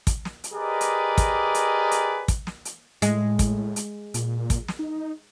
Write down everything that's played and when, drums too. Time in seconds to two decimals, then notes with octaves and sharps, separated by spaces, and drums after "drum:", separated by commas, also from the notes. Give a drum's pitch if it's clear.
0.07 drum: kick, hi-hat
0.25 drum: snare
0.44 drum: hi-hat
0.53 G4 G#4 A#4 B4 D5 D#5
0.81 drum: hi-hat
1.18 drum: kick, hi-hat
1.54 drum: hi-hat
1.91 drum: hi-hat
2.28 drum: kick, hi-hat
2.47 drum: snare
2.65 drum: hi-hat
3.02 A2 G#3, drum: hi-hat
3.39 drum: kick, hi-hat
3.76 drum: hi-hat
4.14 A#2, drum: hi-hat
4.50 drum: kick, hi-hat
4.68 drum: snare
4.79 D#4